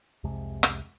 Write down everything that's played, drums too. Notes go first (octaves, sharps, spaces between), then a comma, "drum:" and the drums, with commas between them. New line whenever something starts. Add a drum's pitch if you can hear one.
C2 F2 C3 G#3
drum: rim click